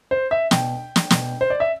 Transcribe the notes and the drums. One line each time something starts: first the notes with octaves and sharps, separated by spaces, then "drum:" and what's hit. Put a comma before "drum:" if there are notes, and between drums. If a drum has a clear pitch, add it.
C5
E5
B2 G5, drum: snare
drum: snare
B2, drum: snare
C5
D5
E5